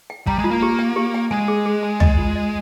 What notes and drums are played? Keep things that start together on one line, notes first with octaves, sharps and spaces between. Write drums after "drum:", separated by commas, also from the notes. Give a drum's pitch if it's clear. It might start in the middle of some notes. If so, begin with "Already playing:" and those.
G5
G3 A#5, drum: kick
G#3
F4
A#3
G4
G5
G4
G5
G#3 G#5
G#4
G#4
G#5
D#5, drum: tom
F4
D#5